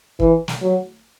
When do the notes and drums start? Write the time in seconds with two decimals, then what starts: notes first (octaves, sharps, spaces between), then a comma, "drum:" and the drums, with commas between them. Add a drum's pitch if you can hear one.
0.20 E3, drum: kick
0.48 drum: snare
0.62 F#3